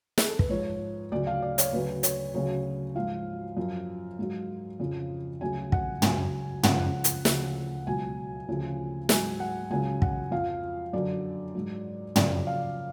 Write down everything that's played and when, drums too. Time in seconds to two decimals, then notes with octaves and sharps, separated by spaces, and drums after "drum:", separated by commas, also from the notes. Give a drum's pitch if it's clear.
0.18 G#4, drum: snare
0.28 A4
0.39 B4, drum: kick
0.49 G#2 F3 C#5
1.12 D2 C#3 F#3 D5
1.27 F5
1.42 D5
1.58 C#5, drum: hi-hat
1.73 D2 C#3 F#3 B4
2.03 C#5, drum: hi-hat
2.34 D2 C#3 F#3 C#5
2.95 G#2 F3 F5
3.57 F#2 F3
4.19 G#2 F#3
4.80 F2 C#3 F3
5.41 D2 C#3 F#3 G#5
5.72 F#5, drum: kick
6.02 C#2 C#3 F#3 G#5, drum: tom
6.63 C#2 C#3 F3 F#5, drum: tom
7.04 drum: hi-hat
7.25 D2 C#3 F3, drum: snare
7.87 C#2 B2 F#3 G#5
8.48 D2 C#3 F3
9.09 G#2 F#3 G#5, drum: snare
9.40 F#5
9.70 C#2 C#3 F#3 G#5
10.02 F#5, drum: kick
10.31 F2 F3 F5
10.93 F#2 D3 F#3 D5
11.55 G#2 F#3
12.16 F#2 C#3 F3 D5, drum: tom
12.47 F5